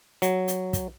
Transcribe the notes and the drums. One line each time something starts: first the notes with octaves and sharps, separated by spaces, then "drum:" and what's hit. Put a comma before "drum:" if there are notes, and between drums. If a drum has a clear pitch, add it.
F#3, drum: hi-hat
drum: hi-hat
drum: kick, hi-hat